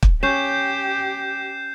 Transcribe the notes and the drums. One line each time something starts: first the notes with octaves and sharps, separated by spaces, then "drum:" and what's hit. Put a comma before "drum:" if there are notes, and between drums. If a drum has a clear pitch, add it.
drum: kick
C#4 G4 G6 C7 E7